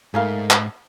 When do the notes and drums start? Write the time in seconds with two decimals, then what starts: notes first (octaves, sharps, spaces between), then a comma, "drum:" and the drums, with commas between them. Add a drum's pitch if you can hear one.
0.14 G#2 C#3 A3 D#4 A#4 F5
0.51 drum: clap